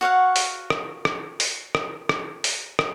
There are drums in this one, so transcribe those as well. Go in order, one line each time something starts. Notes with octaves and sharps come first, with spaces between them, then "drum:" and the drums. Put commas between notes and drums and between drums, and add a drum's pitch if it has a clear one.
F#4 C#5 F5 F#5
drum: open hi-hat
drum: rim click
drum: rim click
drum: open hi-hat
drum: rim click
drum: rim click
drum: open hi-hat
drum: rim click